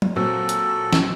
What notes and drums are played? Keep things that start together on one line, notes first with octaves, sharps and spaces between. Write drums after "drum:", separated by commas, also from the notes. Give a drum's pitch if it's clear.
drum: tom F#3
A#2 F#3 C4 A4
drum: hi-hat
drum: snare